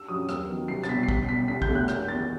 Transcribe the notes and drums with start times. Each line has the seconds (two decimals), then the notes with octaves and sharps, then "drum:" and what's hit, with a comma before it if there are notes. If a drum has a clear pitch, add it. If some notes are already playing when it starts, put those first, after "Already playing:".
Already playing: E6
0.08 F#2 F#3 D#6
0.29 D#2 E6, drum: rim click
0.49 D#3 F#3 B3
0.68 C2 C7
0.84 A6, drum: rim click
0.89 B2 G3 B6
1.03 C7
1.08 B1 B6, drum: kick
1.23 C7
1.29 B2 G3 B6
1.48 C2 B6
1.62 G6, drum: kick
1.68 B2 A3
1.75 F#6
1.88 F#1 G6, drum: rim click
2.08 E2 D#3 A6